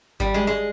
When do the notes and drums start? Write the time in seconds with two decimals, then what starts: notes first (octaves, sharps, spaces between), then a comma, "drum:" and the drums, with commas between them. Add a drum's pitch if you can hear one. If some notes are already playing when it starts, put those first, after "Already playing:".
0.20 G3, drum: kick G#1
0.34 G#3
0.47 G#3